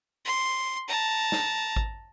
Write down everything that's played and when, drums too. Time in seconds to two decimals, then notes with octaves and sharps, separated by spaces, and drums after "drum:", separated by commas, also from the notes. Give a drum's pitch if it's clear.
0.25 C6
0.88 A5 A#5
1.32 drum: snare
1.76 drum: kick G#1